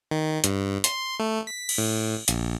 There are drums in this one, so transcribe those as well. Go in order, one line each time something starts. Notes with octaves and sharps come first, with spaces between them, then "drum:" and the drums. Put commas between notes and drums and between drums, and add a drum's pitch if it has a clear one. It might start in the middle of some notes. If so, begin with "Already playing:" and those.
D#3
G2, drum: hi-hat
C6, drum: hi-hat
A3
B6
drum: cymbal
A2
A#1, drum: hi-hat